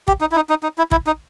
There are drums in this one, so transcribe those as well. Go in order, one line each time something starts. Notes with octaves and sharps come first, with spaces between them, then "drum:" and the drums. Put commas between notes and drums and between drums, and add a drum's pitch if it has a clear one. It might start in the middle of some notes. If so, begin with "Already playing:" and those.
G4, drum: kick
D#4
E4
D#4
D#4
D#4
E4
E4, drum: kick
D#4